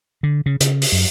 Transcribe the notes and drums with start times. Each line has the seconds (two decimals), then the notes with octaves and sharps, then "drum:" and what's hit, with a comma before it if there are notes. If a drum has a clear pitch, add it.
0.23 D3
0.46 C#3
0.60 C#3, drum: hi-hat
0.82 drum: open hi-hat
0.92 F#2